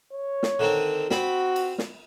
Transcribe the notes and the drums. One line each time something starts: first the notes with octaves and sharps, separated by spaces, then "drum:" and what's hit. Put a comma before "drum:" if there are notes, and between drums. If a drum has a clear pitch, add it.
C#5
drum: snare
D3 D#3 C4
C4 F#4 B5, drum: snare
drum: cymbal
drum: snare